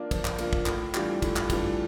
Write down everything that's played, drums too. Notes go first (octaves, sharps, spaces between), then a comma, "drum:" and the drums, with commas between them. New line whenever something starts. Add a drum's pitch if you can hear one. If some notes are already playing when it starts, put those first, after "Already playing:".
Already playing: A#3 D4 F4
F3, drum: kick, cymbal
drum: clap
A#3 D4 F4, drum: cymbal
drum: kick
A2, drum: clap
E3 G3 D4 F4, drum: clap
A2, drum: kick, cymbal
drum: clap
E3 G3 D4 F4, drum: kick, cymbal